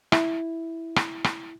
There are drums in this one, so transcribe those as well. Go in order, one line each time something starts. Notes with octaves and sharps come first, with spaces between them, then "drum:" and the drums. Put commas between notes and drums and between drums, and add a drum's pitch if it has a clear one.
E4, drum: rim click
drum: rim click
drum: rim click